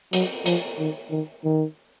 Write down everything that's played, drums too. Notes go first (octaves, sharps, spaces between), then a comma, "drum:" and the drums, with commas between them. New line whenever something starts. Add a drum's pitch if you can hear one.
F#3, drum: hi-hat
F3, drum: hi-hat
D#3
D#3
D#3